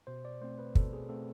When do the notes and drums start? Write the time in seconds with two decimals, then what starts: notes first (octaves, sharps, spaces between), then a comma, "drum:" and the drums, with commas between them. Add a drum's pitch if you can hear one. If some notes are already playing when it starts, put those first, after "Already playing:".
0.07 B2 C5
0.25 D5
0.41 A3 C4 C5
0.58 B4
0.75 B2 A4, drum: kick
0.93 G#4
1.09 A3 C4 A4